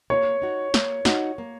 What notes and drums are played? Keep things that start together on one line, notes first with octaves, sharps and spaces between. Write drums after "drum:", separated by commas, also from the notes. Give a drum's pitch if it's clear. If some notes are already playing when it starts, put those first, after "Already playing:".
A#3 C#5
D#4 F#4
A#3, drum: snare
D#4 F#4, drum: snare
A#3